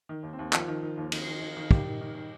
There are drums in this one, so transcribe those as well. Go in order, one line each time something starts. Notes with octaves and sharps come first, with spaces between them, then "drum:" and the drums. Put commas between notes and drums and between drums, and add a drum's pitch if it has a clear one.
D#3
D#2
C4
D#2
D#3 F3 F4, drum: clap
D#3
D#3
D#2
D#3, drum: cymbal
D#3
D#3
D#3
D#3 G3 G4, drum: kick
D#3
D#3
D#3